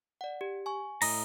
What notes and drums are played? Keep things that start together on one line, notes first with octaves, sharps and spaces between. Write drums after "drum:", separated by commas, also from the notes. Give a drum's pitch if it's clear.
D5 F#5
G4
G#5 C#6
A2 D#5 A#5, drum: cymbal